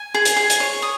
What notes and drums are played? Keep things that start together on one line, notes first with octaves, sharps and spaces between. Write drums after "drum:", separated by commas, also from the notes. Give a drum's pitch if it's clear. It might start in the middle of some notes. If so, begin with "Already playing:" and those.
Already playing: G#5
G#4
drum: hi-hat
G#4
drum: hi-hat
C#5
D#6